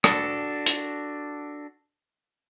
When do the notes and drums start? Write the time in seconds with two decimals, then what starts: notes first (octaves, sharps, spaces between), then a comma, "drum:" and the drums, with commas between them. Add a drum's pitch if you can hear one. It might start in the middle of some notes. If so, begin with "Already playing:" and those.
0.04 D4 F#4 A4, drum: rim click
0.66 drum: hi-hat